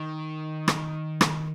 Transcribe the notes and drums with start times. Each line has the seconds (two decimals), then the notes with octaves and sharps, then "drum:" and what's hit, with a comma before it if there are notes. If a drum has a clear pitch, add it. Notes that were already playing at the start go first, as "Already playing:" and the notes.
Already playing: D#3
0.68 drum: rim click
1.21 drum: rim click